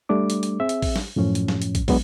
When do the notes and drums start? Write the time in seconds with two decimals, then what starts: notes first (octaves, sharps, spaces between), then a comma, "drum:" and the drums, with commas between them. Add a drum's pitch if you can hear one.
0.09 G3 A3 D4 D6
0.30 drum: hi-hat
0.43 drum: hi-hat
0.60 C4 G#4 E5
0.69 drum: hi-hat
0.82 drum: kick, open hi-hat
0.96 drum: snare
1.16 F#2 A2 F3 C#4
1.35 drum: hi-hat
1.48 drum: snare
1.62 drum: hi-hat
1.75 drum: kick, hi-hat
1.88 F#3 G#3 B3 D4, drum: kick, open hi-hat